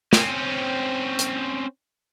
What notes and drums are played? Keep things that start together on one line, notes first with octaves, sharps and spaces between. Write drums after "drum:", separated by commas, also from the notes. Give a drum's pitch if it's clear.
C4 C#4, drum: snare
drum: hi-hat